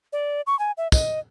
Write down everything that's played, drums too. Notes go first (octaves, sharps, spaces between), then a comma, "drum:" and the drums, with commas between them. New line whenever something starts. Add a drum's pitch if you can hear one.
D5
C#6
G#5
E5
D#5, drum: kick, tambourine